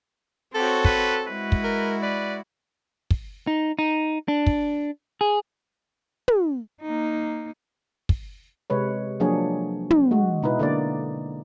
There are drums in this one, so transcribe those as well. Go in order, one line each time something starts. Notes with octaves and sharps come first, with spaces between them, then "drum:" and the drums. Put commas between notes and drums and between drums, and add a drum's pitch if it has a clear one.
C4 F#4 G4 A4 C#5
B4, drum: kick
G#3 E4 F#4 B4
drum: kick
A#4
B4 D5
drum: kick
D#4
D#4
D4
drum: kick
G#4
drum: tom
A#3 D#4
drum: kick
C3 G#3 B4 C#5
F3 F#3 A#3 D4 G#4 C#5
drum: tom
G#3 F#4
B2 D#4 E4 B4
D3 A#3 D#4 D5